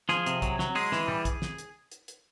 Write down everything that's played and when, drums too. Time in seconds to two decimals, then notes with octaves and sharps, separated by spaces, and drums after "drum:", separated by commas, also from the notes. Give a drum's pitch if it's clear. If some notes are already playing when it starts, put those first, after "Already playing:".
0.09 F3 G#4, drum: snare
0.26 C3, drum: hi-hat
0.42 F#3, drum: kick, hi-hat
0.59 F#3, drum: snare
0.75 G#3 G#4, drum: open hi-hat
0.92 E3, drum: snare
1.08 G3, drum: tom
1.25 drum: kick, hi-hat
1.42 drum: snare
1.58 drum: hi-hat
1.92 drum: hi-hat
2.08 drum: hi-hat